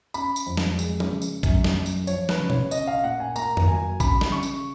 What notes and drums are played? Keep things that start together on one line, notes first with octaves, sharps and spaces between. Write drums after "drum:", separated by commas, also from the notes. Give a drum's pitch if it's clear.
C#4 B5, drum: tambourine
drum: tambourine
F2
drum: snare
G#3, drum: tambourine
drum: tom F3
C#3
drum: tambourine
F#2, drum: kick, tambourine
drum: snare
F#2
drum: tambourine
F3 C#5, drum: tambourine
B4, drum: snare
C#3
C#5, drum: tom B2
C#4 D#5, drum: tambourine
F5
A#2 F#5
G#5
A#3 A#5, drum: tambourine
drum: tom F2
F#3 G#5
C#3 B5, drum: kick, tambourine
drum: snare
C#3 C#6
drum: tambourine